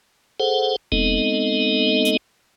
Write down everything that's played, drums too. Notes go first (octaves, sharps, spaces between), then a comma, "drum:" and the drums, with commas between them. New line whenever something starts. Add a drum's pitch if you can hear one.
G#4 A4 C5 F#5
G#3 B3 C4 D#4 A4 D#5, drum: kick E1
drum: hi-hat